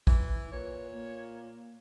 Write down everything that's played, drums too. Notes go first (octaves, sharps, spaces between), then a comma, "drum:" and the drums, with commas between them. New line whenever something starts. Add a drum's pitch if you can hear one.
E3 E4, drum: kick
A#2 B4 C#5
A#3